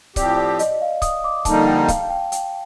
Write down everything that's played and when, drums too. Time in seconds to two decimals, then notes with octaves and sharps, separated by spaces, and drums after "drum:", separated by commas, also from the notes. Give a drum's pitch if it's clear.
0.16 A2 F3 C4 G4 D5, drum: kick C#1, hi-hat
0.37 D5
0.59 D#5, drum: hi-hat
0.81 F5
1.02 D#6, drum: kick C#1, hi-hat
1.24 D6
1.45 F2 D3 G3 A#3 D#4 A5, drum: kick C#1, hi-hat
1.67 G5
1.88 F5, drum: kick C#1, hi-hat
2.10 G5
2.32 G5, drum: hi-hat